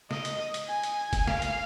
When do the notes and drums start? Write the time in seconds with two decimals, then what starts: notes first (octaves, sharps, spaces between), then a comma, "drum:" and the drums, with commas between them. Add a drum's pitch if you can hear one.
0.11 D#5, drum: snare
0.25 drum: hi-hat
0.54 drum: hi-hat
0.69 G#5
0.83 drum: hi-hat
1.13 drum: kick, hi-hat
1.28 F5, drum: snare
1.42 drum: hi-hat